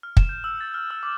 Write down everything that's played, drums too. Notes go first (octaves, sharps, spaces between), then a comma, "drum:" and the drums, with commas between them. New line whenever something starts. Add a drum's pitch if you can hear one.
F6
E7, drum: kick
G6
E6
A6
F6
E6
D6